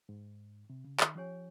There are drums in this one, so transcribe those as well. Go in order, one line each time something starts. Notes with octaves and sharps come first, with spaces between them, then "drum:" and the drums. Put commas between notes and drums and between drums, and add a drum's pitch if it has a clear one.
G#2
C3
C#3
D#3, drum: clap
F3 C#4 G4 C#5 G#5